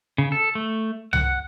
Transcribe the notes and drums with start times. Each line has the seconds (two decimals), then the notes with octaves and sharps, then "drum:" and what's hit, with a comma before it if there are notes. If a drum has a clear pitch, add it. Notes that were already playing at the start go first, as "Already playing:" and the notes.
0.18 C#3
0.32 A4
0.55 A3
1.13 F#5, drum: tom C2